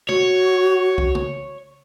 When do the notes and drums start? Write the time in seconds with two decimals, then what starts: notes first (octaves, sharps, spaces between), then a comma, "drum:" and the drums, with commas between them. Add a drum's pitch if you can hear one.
0.09 F#4 C#5, drum: tom
0.98 drum: kick C2
1.15 drum: tom